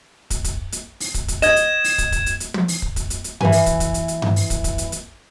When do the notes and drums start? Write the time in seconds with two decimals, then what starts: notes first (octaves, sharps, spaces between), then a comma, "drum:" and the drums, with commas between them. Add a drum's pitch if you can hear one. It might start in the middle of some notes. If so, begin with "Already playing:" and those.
0.30 drum: kick, hi-hat
0.44 drum: kick, hi-hat
0.72 drum: hi-hat
1.00 drum: open hi-hat
1.14 drum: kick, hi-hat
1.28 drum: kick, hi-hat
1.42 D#5 G#6 E7, drum: hi-hat
1.56 drum: hi-hat
1.84 drum: open hi-hat
1.98 drum: kick, hi-hat
2.12 drum: kick, hi-hat
2.26 drum: hi-hat
2.40 drum: hi-hat
2.54 drum: tom
2.68 drum: open hi-hat
2.82 drum: kick
2.96 drum: kick, hi-hat
3.10 drum: hi-hat
3.24 drum: hi-hat
3.41 E3 B4 G#5, drum: tom G2
3.52 drum: open hi-hat
3.66 drum: kick, hi-hat
3.80 drum: kick, hi-hat
3.94 drum: hi-hat
4.08 drum: hi-hat
4.22 drum: tom G2
4.36 drum: open hi-hat
4.50 drum: kick, hi-hat
4.64 drum: kick, hi-hat
4.78 drum: hi-hat
4.92 drum: hi-hat